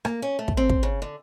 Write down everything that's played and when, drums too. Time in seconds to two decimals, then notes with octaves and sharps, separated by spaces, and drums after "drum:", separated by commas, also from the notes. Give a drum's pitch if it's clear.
0.05 A#3, drum: rim click
0.22 C#4
0.39 A3
0.48 drum: kick
0.57 C4
0.70 drum: kick
0.83 C#3
1.02 D3